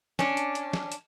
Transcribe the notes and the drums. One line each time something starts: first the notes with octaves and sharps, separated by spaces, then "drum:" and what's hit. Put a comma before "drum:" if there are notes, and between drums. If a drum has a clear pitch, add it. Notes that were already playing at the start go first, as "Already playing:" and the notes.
C#4 D4, drum: snare
drum: hi-hat
drum: hi-hat
drum: snare
drum: hi-hat